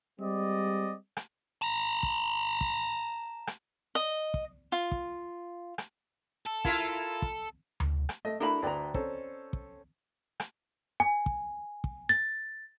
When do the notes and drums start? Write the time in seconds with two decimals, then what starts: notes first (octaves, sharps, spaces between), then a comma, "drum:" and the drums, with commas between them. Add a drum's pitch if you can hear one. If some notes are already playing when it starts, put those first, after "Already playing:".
0.19 G3 G#3 C4 D5 D#5
1.17 drum: rim click
1.62 A5 A#5
2.03 drum: kick
2.61 drum: kick
3.47 drum: rim click
3.95 D#5
4.34 drum: kick
4.72 F4
4.92 drum: kick
5.78 drum: rim click
6.47 A4
6.65 E4 F4 A#4, drum: kick
7.22 drum: kick
7.80 drum: tom D2
8.09 drum: rim click
8.25 A3 D#5
8.40 A3 D4 E4 F#4 A#4 B5
8.62 D2 B4 D5 G5 A#5
8.94 C4 C#4 A4, drum: kick
9.53 drum: kick
10.40 drum: rim click
11.00 G#5
11.26 drum: kick
11.84 drum: kick
12.09 A6